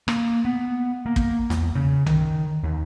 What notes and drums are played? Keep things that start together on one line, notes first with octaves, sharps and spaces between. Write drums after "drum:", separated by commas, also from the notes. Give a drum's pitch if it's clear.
A#3, drum: rim click
B3
A#3
drum: kick
E2, drum: snare
C#3
D#3, drum: tom B1
D#2